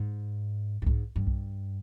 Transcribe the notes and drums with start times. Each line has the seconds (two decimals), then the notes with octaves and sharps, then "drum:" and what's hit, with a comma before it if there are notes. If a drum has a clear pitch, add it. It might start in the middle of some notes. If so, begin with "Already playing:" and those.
Already playing: G#2
0.82 G2
0.87 G#2, drum: kick B1
1.16 G2
1.27 drum: kick B1